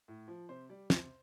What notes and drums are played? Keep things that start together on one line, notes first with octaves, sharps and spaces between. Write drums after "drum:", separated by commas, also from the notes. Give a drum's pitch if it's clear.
A2
F3
C3 C5
G3 D5
C3 C5, drum: snare